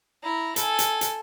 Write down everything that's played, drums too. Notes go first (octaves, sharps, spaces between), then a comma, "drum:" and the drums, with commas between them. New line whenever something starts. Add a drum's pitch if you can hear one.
E4 A#5
A4 G#5, drum: hi-hat
drum: hi-hat
drum: hi-hat